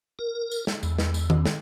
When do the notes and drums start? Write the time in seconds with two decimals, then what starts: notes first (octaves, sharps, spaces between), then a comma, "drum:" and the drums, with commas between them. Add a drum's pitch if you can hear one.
0.19 A#4
0.52 drum: tambourine
0.67 drum: snare
0.83 E2, drum: tambourine
0.99 drum: snare
1.14 drum: tambourine
1.30 drum: tom D#3
1.45 drum: snare